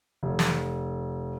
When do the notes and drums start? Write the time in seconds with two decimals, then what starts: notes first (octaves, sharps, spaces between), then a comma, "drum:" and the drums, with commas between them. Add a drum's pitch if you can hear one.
0.23 F1
0.39 drum: snare